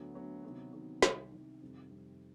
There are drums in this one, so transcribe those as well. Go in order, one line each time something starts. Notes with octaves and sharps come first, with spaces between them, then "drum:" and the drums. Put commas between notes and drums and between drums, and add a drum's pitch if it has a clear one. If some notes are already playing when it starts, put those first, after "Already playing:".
Already playing: D2 D3 F#3 B3
D2 D3 F#3 B3
C3 D#3 F#3 B3
C3 D#3 F#3 B3
C2 C3 D#3, drum: snare
C2 C3 D#3
F2 C3 D#3 G3
F2 C3 D#3 G3